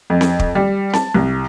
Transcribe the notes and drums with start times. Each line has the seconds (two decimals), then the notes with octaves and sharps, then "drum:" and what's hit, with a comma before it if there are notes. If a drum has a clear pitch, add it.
0.10 F2
0.21 drum: snare C4
0.39 drum: kick
0.55 G3
0.93 A5, drum: snare C4
1.14 C2